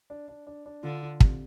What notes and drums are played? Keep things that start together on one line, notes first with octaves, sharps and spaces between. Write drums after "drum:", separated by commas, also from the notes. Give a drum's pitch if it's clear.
D4
D4
D4
D4
D3 F4
F4
C3, drum: kick